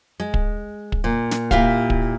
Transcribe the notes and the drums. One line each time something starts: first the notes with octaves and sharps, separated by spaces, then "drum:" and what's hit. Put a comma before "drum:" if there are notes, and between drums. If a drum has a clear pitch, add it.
G#3
drum: kick
drum: kick
A#2
drum: snare
A#2 E4 G4 E5 F5, drum: kick
drum: kick